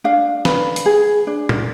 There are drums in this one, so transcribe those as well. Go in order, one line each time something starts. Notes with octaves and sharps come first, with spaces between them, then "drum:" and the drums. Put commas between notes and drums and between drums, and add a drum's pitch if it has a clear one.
D4 F5
B4, drum: snare
drum: hi-hat
G#4
D4
drum: tom